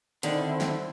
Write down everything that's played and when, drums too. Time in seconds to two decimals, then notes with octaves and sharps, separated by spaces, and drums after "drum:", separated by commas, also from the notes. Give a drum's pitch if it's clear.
0.23 D3 D#3 C4 D4 E4, drum: hi-hat
0.61 drum: snare